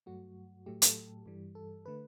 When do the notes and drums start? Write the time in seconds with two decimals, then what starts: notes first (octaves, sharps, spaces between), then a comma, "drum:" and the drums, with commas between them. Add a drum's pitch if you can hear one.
0.06 G2 F#3 A3 F#4
0.66 A2 F#3 A3 G4
0.82 A4, drum: hi-hat
1.26 G2 E3 G3
1.55 A4
1.86 D3 A3 B4